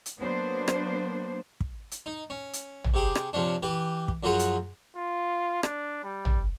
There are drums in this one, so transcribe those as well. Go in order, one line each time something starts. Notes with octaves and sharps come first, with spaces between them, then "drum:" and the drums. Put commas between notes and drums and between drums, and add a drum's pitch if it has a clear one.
drum: hi-hat
F#3 A#3 B3 D4 C5
drum: rim click
drum: kick
drum: hi-hat
D#4
C#4
drum: hi-hat
drum: tom
C3 G4 G#4
drum: rim click
C3 F3 C#4 D4
E3 G4 B4
drum: kick
F#2 F3 F#3 F4 G#4 F#5
drum: hi-hat
F4
D4, drum: rim click
G3
drum: tom